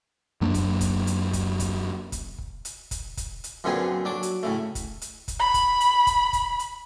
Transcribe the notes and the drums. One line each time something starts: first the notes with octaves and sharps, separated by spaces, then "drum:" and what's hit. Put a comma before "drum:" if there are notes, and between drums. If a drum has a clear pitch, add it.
F#2 F#3 A#3 D4
drum: kick, hi-hat
drum: kick, hi-hat
drum: hi-hat
drum: kick, hi-hat
drum: kick, hi-hat
drum: kick, hi-hat
drum: kick
drum: hi-hat
drum: kick, hi-hat
drum: kick, hi-hat
drum: hi-hat
F#2 A#2 D3 C4 G#4 B4
F#3 D4 D6
drum: hi-hat
A2 C#3 A3
drum: kick, hi-hat
drum: hi-hat
drum: kick, hi-hat
B5
drum: kick, hi-hat
drum: hi-hat
drum: kick, hi-hat
drum: kick, hi-hat
drum: hi-hat